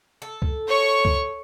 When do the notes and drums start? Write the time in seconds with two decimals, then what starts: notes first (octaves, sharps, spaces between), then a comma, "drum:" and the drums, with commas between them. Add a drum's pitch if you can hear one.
0.22 A4
0.42 drum: kick C#2
0.68 C#5 C#6
1.05 drum: kick C#2